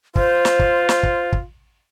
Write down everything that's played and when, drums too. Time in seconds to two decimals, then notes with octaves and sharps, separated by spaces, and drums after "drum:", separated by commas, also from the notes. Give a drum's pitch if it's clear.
0.16 F4 C5, drum: kick
0.45 drum: snare
0.59 drum: kick
0.89 drum: snare
1.03 drum: kick
1.33 drum: kick